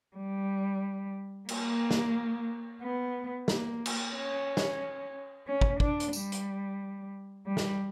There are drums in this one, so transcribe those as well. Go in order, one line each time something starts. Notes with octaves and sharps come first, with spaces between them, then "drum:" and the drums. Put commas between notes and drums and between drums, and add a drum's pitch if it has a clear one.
G3
A#3, drum: cymbal
drum: snare
B3
A#3, drum: snare
drum: cymbal
C#4
drum: snare
C#4
drum: kick
D4, drum: kick
drum: hi-hat
G3, drum: tambourine
drum: hi-hat
G3
drum: snare